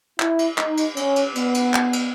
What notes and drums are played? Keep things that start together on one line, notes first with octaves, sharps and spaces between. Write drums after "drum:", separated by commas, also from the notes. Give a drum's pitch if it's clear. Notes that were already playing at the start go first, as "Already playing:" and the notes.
E4, drum: clap
drum: cymbal
D#4, drum: clap
drum: cymbal
C#4, drum: cymbal
drum: cymbal
B3, drum: cymbal
drum: cymbal
drum: clap
drum: cymbal